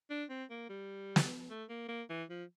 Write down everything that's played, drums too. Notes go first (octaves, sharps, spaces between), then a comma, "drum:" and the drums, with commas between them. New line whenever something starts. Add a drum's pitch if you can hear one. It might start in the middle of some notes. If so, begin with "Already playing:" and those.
D4
C4
A#3
G3
drum: snare
A3
A#3
A#3
E3
F3